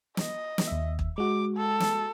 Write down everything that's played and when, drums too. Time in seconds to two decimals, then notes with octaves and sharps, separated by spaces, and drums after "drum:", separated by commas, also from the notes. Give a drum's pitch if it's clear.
0.17 D#5, drum: snare
0.58 drum: snare
0.67 D#2 E5
0.99 drum: kick
1.18 G#3 F#4 D6
1.57 A4
1.80 drum: snare